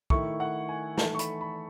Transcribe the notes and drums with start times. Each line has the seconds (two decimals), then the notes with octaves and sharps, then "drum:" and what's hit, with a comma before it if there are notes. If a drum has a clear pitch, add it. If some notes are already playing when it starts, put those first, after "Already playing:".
0.10 D#3 A3 E4 C#6, drum: kick
0.40 F#5
0.69 G#5
0.98 E3 A3 D#4 A5, drum: snare
1.15 C#6
1.19 B5, drum: hi-hat
1.41 B5